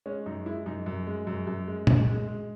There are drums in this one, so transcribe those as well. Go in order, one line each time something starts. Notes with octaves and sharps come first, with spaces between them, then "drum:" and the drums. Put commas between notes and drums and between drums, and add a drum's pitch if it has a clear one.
G#3 C#4
F#2 D#4
G#3 E4
F#2 D#4
F#2
G#3
F#2
F#2
G#3
F#2, drum: tom A#2
G#3
G#3